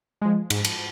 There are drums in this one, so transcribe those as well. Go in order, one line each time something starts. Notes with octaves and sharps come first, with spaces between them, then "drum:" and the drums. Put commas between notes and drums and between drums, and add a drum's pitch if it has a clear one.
F3 G#3
G#2, drum: cymbal
drum: cymbal